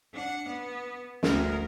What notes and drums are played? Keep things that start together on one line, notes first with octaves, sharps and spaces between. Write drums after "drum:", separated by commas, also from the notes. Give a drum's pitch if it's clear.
D4 F#5
B3
D2 A#4, drum: snare